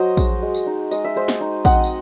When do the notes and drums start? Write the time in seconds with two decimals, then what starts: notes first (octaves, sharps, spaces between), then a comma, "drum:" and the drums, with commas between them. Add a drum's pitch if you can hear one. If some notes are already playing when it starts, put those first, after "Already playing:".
Already playing: F#3 F#4 C5 D#5
0.17 G#3, drum: kick A#1, tambourine
0.43 G#3
0.55 drum: tambourine
0.66 D#4
0.91 G#3 D#5, drum: tambourine
1.04 E5
1.16 G#3 C5 D#5
1.28 drum: snare
1.41 D#4
1.65 C4 D#5 F#5, drum: kick A#1, tambourine
1.84 drum: tambourine